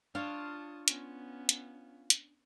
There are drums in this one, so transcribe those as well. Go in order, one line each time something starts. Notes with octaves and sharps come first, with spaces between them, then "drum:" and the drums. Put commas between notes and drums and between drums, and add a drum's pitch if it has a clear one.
D4 F4 C#5 A5 D#6
B3 C#4, drum: hi-hat
drum: hi-hat
drum: hi-hat